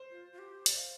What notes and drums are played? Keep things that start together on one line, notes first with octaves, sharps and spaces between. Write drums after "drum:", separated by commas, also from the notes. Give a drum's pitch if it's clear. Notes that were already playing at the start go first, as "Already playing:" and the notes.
Already playing: C5
F4
F4
G4
D5, drum: hi-hat
F5